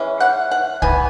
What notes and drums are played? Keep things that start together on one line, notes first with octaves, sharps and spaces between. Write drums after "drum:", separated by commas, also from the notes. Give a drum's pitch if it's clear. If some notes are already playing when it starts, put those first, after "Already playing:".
Already playing: E3 G#3 C#4 E4
F#5
F#5
E3 G3 B3 G#5, drum: kick